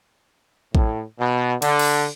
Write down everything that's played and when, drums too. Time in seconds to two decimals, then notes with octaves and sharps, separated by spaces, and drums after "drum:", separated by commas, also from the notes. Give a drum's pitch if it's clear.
0.75 A2, drum: kick
1.19 B2
1.62 D3, drum: cymbal
1.79 drum: cymbal